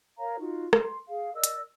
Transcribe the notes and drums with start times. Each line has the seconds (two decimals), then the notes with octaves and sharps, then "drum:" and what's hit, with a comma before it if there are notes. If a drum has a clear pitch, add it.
0.18 A#4 C#5 F5 A#5
0.39 D#4 F4 F#4
0.73 C6, drum: rim click
1.08 G#4 F5
1.34 A#4 D5 D#5 E6
1.44 drum: hi-hat